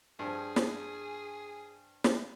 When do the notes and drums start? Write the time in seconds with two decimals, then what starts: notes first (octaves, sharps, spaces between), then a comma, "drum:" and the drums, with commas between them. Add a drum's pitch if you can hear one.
0.19 G2 F3 G#4
0.56 drum: snare
2.04 drum: snare